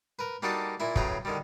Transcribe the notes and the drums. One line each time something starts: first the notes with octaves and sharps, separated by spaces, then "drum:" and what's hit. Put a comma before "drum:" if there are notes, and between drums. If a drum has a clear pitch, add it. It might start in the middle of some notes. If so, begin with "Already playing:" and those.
A#4 B4
G3 A#3 D4 D#4 F#4 A4
A#2 E4 E5
A2 C#3 F#3 B4 G5 A#5, drum: kick
D3 D#3 G3